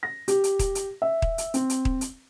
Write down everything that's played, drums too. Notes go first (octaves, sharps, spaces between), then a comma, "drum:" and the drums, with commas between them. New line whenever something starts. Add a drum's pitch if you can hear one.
A#6
G4, drum: hi-hat
drum: hi-hat
drum: kick D#1, hi-hat
drum: hi-hat
E5
drum: kick D#1
drum: hi-hat
C4, drum: hi-hat
drum: hi-hat
drum: kick D#1
drum: hi-hat